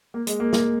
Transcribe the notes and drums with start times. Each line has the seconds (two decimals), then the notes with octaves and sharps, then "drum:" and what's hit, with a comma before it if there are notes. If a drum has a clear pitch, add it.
0.14 A#3
0.27 G#3, drum: hi-hat
0.40 A#3
0.53 A#3, drum: snare